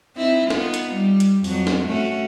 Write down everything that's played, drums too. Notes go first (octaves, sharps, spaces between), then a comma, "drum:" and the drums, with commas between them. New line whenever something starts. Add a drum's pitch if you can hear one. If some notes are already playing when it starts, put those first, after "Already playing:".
C4 D#4 E4
B3 D#4 F4, drum: snare
drum: hi-hat
G3
drum: hi-hat
F2 F#3, drum: open hi-hat
drum: snare
A3 C#4 F#4